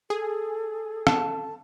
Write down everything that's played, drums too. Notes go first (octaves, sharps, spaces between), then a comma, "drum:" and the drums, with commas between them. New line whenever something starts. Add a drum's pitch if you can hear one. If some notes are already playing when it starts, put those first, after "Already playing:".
G#4 A4
A5, drum: rim click